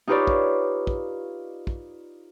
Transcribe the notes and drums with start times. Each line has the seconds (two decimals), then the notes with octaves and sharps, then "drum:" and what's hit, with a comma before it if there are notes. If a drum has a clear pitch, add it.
0.07 D#4 F4 G4 B4 C#5 D5
0.27 drum: kick
0.87 drum: kick
1.67 drum: kick